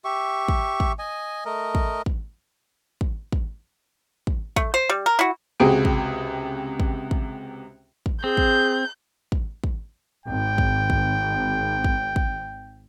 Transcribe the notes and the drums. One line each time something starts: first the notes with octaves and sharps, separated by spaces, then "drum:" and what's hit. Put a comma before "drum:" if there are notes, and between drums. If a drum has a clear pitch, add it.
G4 E5 C#6
drum: kick
drum: kick
D#5 G#5
A3 A#4 D#5
drum: kick
drum: kick
drum: kick
drum: kick
drum: kick
A3, drum: kick
C5
G3
A#4
E4 F#4
C#2 C3 F#4 G#4 G5 D7
drum: kick
drum: kick
drum: kick
drum: kick
C4 G#4 G6
drum: kick
drum: kick
drum: kick
G#1 G5
drum: kick
drum: kick
drum: kick
drum: kick